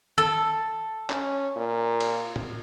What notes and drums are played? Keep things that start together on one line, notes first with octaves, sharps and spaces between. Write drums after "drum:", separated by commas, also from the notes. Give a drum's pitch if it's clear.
A4, drum: tom D#3
C#4, drum: clap
A#2
drum: cymbal
drum: tom